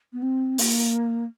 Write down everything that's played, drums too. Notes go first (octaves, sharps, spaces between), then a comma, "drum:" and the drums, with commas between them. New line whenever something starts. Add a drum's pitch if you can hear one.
B3
C4
A#3, drum: open hi-hat